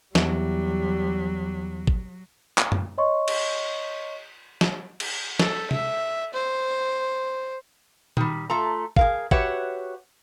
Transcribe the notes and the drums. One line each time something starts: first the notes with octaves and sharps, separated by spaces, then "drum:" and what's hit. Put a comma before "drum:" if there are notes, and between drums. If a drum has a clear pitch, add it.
E2 F#3 G3, drum: snare
drum: kick
drum: clap
drum: tom F#2
C#5 D#5 C6 C#6
drum: cymbal
drum: snare
drum: cymbal
A4, drum: snare
E5, drum: tom C3
C5
D#3 G3, drum: tom A#2
A3 F4 A4 A#5
G#4 A#4 F5, drum: kick
F#4 G4 B4 C#5 E5 F#5, drum: kick